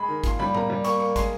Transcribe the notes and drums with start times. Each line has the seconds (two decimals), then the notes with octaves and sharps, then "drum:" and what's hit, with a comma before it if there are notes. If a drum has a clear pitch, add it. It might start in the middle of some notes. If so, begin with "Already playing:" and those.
Already playing: G#3 B5
0.08 D#3
0.24 A#2 C6, drum: kick, hi-hat
0.39 G3 B5
0.54 A#3 A#5, drum: tom
0.70 G3
0.84 A#3 C#6, drum: hi-hat
1.00 A#3 C#6
1.16 G#3 C6, drum: kick, hi-hat